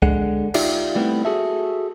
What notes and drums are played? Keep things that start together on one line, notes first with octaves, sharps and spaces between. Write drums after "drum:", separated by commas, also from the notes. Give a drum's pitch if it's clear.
D3 G#3 F#5, drum: kick
D#4 F4 G4 D5 E5 F5, drum: cymbal
G3 A3 B3 C4 E4
F#4 G#4 A4 E5